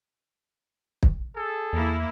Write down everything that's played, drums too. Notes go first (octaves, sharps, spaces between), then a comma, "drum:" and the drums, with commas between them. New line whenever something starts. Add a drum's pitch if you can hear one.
drum: kick
G#4 A4
E2 A#3 E4